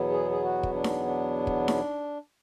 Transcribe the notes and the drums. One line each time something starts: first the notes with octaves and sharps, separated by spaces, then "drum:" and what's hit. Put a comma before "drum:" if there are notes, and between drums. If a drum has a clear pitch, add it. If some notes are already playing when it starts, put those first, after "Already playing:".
Already playing: E2 B2 F#3 B3
G#4
G#4
F#4
drum: kick
D4
drum: snare D#4
D4
drum: kick
drum: snare D#4